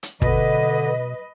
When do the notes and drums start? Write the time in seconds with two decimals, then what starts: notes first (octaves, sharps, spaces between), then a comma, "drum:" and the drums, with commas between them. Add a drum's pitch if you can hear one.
0.03 drum: hi-hat
0.22 B2 D3 B4 D#5, drum: kick